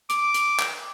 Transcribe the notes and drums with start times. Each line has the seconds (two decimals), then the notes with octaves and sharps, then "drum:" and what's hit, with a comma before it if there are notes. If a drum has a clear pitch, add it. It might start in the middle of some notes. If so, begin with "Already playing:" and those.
0.10 D6, drum: hi-hat
0.34 drum: hi-hat
0.59 drum: clap